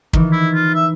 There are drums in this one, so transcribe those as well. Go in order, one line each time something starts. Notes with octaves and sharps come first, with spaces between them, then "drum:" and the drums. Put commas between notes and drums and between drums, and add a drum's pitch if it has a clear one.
D#3 E3, drum: kick
E4
F4
E5